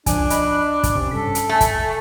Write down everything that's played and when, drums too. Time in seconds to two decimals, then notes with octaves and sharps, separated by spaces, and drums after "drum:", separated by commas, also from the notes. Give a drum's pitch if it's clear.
0.06 C#2 F3 D4 G#5, drum: kick, hi-hat
0.30 D#5 B5 F#6, drum: hi-hat
0.83 drum: kick, hi-hat
0.95 C3 C#4
1.11 G2 C#4 A4 B6
1.35 drum: hi-hat
1.49 A3 E5 G#5
1.61 drum: kick, hi-hat